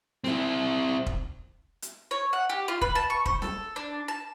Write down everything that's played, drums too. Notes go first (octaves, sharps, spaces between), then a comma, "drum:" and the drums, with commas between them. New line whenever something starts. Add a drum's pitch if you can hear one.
C4 E4, drum: snare
drum: kick
drum: hi-hat
C#5
F#5
G4
F4
B4, drum: kick
A5
C#6
C5, drum: kick
A4, drum: snare
D4
A5